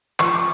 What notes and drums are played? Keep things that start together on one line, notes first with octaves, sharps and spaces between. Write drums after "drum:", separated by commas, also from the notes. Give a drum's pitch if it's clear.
F3 C#6, drum: clap
D6